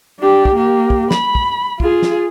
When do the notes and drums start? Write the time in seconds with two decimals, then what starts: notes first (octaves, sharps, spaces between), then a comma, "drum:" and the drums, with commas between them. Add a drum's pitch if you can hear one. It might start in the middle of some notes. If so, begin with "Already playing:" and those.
0.19 D4 G4
0.45 drum: kick
0.56 A#3 G4
0.90 drum: kick
1.11 B5, drum: snare
1.35 drum: kick
1.80 F4 G#4, drum: kick
2.02 drum: snare